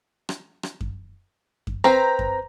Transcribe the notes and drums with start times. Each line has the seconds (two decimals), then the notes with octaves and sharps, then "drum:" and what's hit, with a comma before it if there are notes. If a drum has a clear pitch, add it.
0.29 drum: rim click
0.63 drum: rim click
0.81 drum: kick F#2
1.67 drum: kick F#2
1.84 C4 B4 C5 A#5
2.19 drum: kick F#2